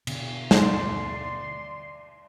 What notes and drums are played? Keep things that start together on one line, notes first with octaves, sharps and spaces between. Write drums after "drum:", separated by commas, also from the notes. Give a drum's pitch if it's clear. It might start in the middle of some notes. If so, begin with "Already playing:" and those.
B2 D3, drum: cymbal
D5 C6, drum: snare